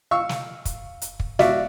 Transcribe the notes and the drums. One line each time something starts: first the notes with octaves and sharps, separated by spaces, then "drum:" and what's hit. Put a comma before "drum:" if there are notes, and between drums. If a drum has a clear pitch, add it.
F5 C#6 E6
drum: snare
drum: kick, hi-hat
drum: hi-hat
drum: kick
F#4 D5 E5 F5, drum: snare